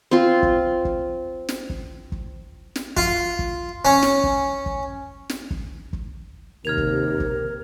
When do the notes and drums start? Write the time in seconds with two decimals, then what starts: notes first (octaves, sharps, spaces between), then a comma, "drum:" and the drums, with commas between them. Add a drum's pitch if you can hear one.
0.11 C4 F4
0.43 drum: kick
0.85 drum: kick
1.49 drum: snare
1.70 drum: kick
2.12 drum: kick
2.76 drum: snare
2.97 F4, drum: kick
3.39 drum: kick
3.85 C#4
4.03 drum: snare
4.24 drum: kick
4.66 drum: kick
5.29 drum: snare
5.51 drum: kick
5.93 drum: kick
6.65 D#2 C3 A#4 F6 G#6 F7
6.78 drum: kick
7.20 drum: kick